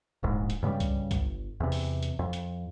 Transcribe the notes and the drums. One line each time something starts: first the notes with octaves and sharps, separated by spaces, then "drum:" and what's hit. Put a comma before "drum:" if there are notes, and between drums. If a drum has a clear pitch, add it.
D1 A#1 G#2
drum: hi-hat
G2 C#3 F#3 G3
drum: kick C2, hi-hat
G1, drum: kick C2, hi-hat
E2 C3
drum: open hi-hat
drum: hi-hat
F2
drum: hi-hat